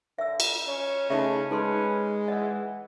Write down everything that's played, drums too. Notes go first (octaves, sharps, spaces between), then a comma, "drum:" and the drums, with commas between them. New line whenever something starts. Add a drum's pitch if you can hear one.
D3 E5 E6
drum: cymbal
C#4 C#5
C#3 A3 D#4 D#5 E5
G#3 D#4 A4 B4 C6
E3 D#5 F#5